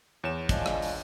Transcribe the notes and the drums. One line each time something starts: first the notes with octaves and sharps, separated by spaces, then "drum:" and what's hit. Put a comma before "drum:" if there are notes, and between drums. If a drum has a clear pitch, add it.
E2 C#5 E7
F3 G#3 D4, drum: kick, hi-hat
drum: rim click
drum: open hi-hat